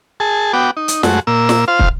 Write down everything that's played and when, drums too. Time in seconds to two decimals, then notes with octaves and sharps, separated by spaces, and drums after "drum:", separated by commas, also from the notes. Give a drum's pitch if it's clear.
0.20 G#4 A5
0.53 B3 F#4 G5 D6
0.77 D#4
0.88 drum: hi-hat
1.03 F#2 G#3 A3 F#4, drum: snare
1.27 A#2 A#3 E6
1.49 drum: snare
1.68 F4 C5 F5
1.79 drum: kick